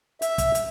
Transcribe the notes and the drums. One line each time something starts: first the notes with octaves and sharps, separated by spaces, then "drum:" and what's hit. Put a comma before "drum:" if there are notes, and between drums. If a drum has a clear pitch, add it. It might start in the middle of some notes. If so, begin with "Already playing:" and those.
E5, drum: hi-hat
drum: kick, hi-hat
drum: hi-hat